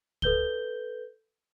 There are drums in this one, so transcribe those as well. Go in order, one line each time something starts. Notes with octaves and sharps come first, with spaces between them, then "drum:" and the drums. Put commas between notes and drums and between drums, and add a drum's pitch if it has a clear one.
A4 B4 G6 G7, drum: kick